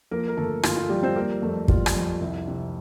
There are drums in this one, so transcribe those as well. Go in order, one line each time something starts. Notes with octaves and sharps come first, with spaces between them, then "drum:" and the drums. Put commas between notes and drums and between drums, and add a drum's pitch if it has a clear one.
F3 A#3 A#4
A#4
G1 A3 A4
G1 F4, drum: rim click
F4
F3 G3 G4
C4 C5
G3 A#3 A#4
F2 A3 A4
G3 F4, drum: kick
drum: rim click
F2
C2
C3